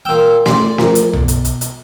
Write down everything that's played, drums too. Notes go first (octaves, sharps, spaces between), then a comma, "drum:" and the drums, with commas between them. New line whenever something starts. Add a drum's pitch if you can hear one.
A#2 G5 E6 F6
D5 C6, drum: snare
F3 A#4, drum: snare
drum: hi-hat
B2, drum: tom B1
drum: hi-hat
drum: hi-hat
drum: hi-hat